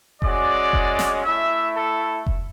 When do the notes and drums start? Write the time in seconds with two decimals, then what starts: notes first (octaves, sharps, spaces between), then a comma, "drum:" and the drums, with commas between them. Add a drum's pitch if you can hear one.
0.22 G#3 C#4 F#4 D5, drum: kick F1
0.73 drum: kick F1
0.99 drum: snare
1.24 A3 E4 E5
1.75 A4
2.26 drum: kick F1